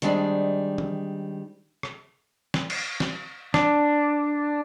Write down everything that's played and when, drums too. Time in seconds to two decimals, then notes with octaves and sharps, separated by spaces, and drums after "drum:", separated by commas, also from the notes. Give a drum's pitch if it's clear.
0.02 D#3 G3 G#3 C4 D4, drum: hi-hat
0.78 drum: tom
1.83 drum: rim click
2.54 drum: snare
2.70 drum: cymbal
3.00 drum: snare
3.54 D4, drum: snare